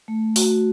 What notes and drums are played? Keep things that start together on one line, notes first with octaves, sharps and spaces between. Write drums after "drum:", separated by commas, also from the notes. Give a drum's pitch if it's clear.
A3
F#4, drum: open hi-hat